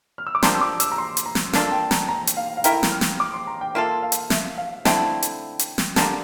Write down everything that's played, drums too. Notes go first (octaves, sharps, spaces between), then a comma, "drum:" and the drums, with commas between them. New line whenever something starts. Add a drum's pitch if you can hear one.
F6
E6
D6
F3 A#3 D4 G4 C6, drum: snare
E6
D6
E6, drum: hi-hat
A#5
C6
drum: hi-hat
A#5
drum: snare
A#3 D4 F4 A4, drum: snare
G5
A#5, drum: snare
A#5
drum: hi-hat
F5
F5
A3 E4 A#4 G5, drum: hi-hat
drum: snare
F6
drum: snare
D6
C6
A#5
G5
A#3 F4 A4 E5
F5
drum: hi-hat
E5, drum: snare
F5
D3 A3 C4 E4 G5, drum: snare
drum: hi-hat
drum: hi-hat
drum: snare
D3 G3 A#3 A5, drum: snare